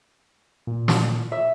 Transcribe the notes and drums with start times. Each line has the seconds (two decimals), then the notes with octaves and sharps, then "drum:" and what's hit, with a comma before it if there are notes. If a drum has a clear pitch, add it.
0.67 A#2
0.88 drum: snare
1.32 E5